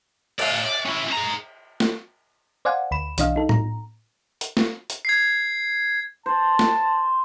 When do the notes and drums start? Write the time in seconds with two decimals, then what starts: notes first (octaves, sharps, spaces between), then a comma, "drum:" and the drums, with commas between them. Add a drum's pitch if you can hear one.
0.39 D5 F5, drum: cymbal
0.65 D5
0.86 C#4 E4
1.13 G#4 A#5
1.80 drum: snare
2.65 C5 D5 F5 F#5 G#5
2.91 D2 B5 E7
3.18 B1 E3 D4 D#5 F5, drum: hi-hat
3.36 D#4 A4
3.49 A#5, drum: tom A2
4.41 drum: hi-hat
4.57 drum: snare
4.90 drum: hi-hat
5.05 G#6 C7
6.26 C5 A5
6.59 drum: snare